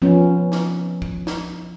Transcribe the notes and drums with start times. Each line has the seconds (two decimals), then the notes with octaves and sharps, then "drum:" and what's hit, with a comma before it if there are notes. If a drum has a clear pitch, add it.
0.02 F3 B3 C#4
0.52 drum: snare
1.02 drum: kick
1.27 drum: snare